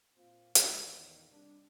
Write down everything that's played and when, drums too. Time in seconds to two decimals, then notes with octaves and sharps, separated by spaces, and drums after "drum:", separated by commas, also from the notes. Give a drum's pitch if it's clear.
0.17 A#2 C4 F4
0.55 G#3, drum: hi-hat
0.85 E2 A#2 D#3
1.31 C3 G3 D4